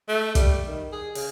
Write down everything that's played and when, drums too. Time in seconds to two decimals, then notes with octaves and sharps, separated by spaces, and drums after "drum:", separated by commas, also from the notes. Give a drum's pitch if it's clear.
0.08 A3
0.35 G3, drum: kick, hi-hat
0.67 D#3
0.92 G#4
1.15 C#3, drum: open hi-hat